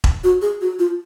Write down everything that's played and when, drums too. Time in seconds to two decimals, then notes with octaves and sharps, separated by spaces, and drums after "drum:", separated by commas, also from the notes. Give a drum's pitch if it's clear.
0.04 drum: kick E1
0.24 F#4
0.42 G#4
0.61 F#4
0.79 F4